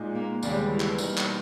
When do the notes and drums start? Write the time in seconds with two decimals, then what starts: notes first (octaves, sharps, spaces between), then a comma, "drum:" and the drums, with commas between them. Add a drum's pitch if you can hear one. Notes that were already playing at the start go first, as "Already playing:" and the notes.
Already playing: A#2 G#3 D#4
0.15 A#3
0.43 D#2 C#3 G3 G#3 B3 G4, drum: tambourine
0.70 E3
0.80 drum: clap
0.98 B2 G3 A#3 D#4 A#4, drum: tambourine
1.18 drum: clap